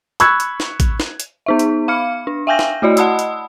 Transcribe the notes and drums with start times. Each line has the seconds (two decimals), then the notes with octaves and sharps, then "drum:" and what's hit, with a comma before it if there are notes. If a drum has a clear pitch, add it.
0.20 B5 C#6 E6 F#6 G#6, drum: hi-hat
0.40 drum: hi-hat
0.60 drum: snare
0.80 drum: kick A1, hi-hat
1.00 drum: snare
1.20 drum: hi-hat
1.46 B3 D#4 E5
1.59 drum: hi-hat
1.88 F5 B5 F6 C#7
2.27 D4
2.47 E5 F5 G5 G#5 G6 A#6
2.59 drum: snare
2.82 A3 E4 F#4 D5 D#5
2.97 D#5 F#5 A5 B5 D#6 E6, drum: hi-hat
3.19 drum: hi-hat